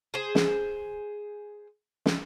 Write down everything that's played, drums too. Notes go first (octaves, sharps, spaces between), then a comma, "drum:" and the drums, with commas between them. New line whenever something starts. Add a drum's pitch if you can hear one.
G#4 C5
drum: snare
drum: snare